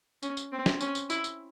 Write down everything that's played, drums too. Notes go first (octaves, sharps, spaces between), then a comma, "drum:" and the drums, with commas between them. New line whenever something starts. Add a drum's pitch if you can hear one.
C#4, drum: tambourine
drum: tambourine
C4
drum: snare
C#4, drum: tambourine
drum: tambourine
E4, drum: tambourine
drum: tambourine